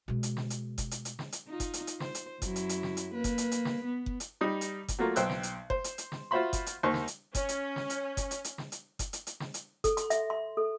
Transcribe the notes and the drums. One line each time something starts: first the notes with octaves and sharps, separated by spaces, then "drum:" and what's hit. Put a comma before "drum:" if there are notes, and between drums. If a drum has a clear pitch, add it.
B2 G#3
drum: hi-hat
drum: snare
drum: hi-hat
drum: kick F#1, hi-hat
drum: hi-hat
drum: hi-hat
drum: snare
drum: hi-hat
D#4 F4
drum: kick F#1, hi-hat
drum: hi-hat
drum: hi-hat
C5, drum: snare
drum: hi-hat
F#2 F#3 E4, drum: kick F#1, hi-hat
drum: hi-hat
drum: hi-hat
drum: snare
drum: hi-hat
A#3 B4
drum: kick F#1, hi-hat
drum: hi-hat
drum: hi-hat
drum: snare
B3
drum: kick F#1
drum: hi-hat
G3 D#4 D#6
drum: hi-hat
drum: kick F#1, hi-hat
F#3 A3 A#3 F4
B1 C5 G5 E6 F#6, drum: hi-hat
drum: snare
drum: hi-hat
C5, drum: kick F#1
drum: hi-hat
drum: hi-hat
drum: snare
F4 F#4 C5 E5 B5 C6
drum: kick F#1, hi-hat
drum: hi-hat
D#2 D#4 C5 C6 C#6
drum: snare
drum: hi-hat
C#4 C#5, drum: kick F#1, hi-hat
drum: hi-hat
drum: snare
drum: hi-hat
drum: kick F#1, hi-hat
drum: hi-hat
drum: hi-hat
drum: snare
drum: hi-hat
drum: kick F#1, hi-hat
drum: hi-hat
drum: hi-hat
drum: snare
drum: hi-hat
A4, drum: kick F#1, hi-hat
C6, drum: hi-hat
E5, drum: hi-hat
C6
A4